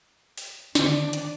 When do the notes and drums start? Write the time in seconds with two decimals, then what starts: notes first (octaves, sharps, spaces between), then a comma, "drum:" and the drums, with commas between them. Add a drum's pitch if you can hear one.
0.38 drum: open hi-hat
0.75 D3 D#3 C4 D4, drum: snare
1.13 drum: hi-hat